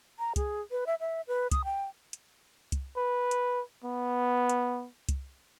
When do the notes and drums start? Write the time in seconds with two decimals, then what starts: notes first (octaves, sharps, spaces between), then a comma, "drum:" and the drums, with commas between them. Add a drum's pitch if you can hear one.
0.19 A#5
0.36 G#4, drum: kick, hi-hat
0.71 B4
0.87 E5
1.00 E5
1.28 B4
1.51 D#6, drum: kick, hi-hat
1.65 G5
2.13 drum: hi-hat
2.72 drum: kick, hi-hat
2.97 B4
3.31 drum: hi-hat
3.84 B3
4.49 drum: hi-hat
5.09 drum: kick, hi-hat